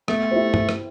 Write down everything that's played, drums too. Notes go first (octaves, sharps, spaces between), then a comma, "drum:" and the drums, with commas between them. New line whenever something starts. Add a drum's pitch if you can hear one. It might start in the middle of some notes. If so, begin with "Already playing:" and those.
A3 B3, drum: rim click
E4 G4 C5
drum: tom G2
drum: rim click